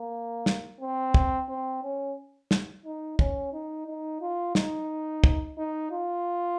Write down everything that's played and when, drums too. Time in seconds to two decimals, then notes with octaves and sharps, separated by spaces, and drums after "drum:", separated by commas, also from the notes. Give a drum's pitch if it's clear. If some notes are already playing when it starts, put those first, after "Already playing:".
Already playing: A#3
0.46 drum: snare
0.80 C4
1.14 drum: kick
1.49 C4
1.83 C#4
2.51 drum: snare
2.85 D#4
3.19 C#4, drum: kick
3.52 D#4
3.87 D#4
4.21 F4
4.55 D#4, drum: snare
5.24 drum: kick
5.57 D#4
5.91 F4